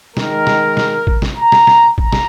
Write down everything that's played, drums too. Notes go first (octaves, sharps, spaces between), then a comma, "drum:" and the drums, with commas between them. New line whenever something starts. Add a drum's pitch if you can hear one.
D#3 G#3 A#4, drum: snare
drum: snare
drum: snare
drum: kick A1
drum: snare
A#5
drum: snare
drum: snare
A#5, drum: kick A1
drum: snare